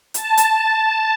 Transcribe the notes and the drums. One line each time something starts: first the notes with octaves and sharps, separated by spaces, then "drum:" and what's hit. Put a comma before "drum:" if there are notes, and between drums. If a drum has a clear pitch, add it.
A5, drum: hi-hat
drum: hi-hat
A5